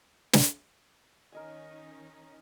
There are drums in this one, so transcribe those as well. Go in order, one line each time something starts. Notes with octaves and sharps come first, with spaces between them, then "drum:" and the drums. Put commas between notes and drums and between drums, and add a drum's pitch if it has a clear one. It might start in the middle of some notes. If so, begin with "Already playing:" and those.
drum: snare
D#3 C#4 D#4 A#4 D#5 G#5